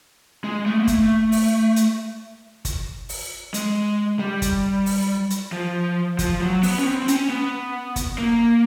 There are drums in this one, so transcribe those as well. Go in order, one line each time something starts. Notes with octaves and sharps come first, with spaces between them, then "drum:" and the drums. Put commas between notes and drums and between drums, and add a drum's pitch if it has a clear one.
G#3
A3
A#3
A3, drum: kick G1, hi-hat
drum: open hi-hat
drum: hi-hat
drum: kick G1, hi-hat
drum: open hi-hat
G#3, drum: hi-hat
G3
drum: kick G1, hi-hat
drum: open hi-hat
drum: hi-hat
F3
F3, drum: kick G1, hi-hat
F#3
B3, drum: open hi-hat
C#4
C4
C4
C#4, drum: hi-hat
B3
drum: kick G1, hi-hat
A#3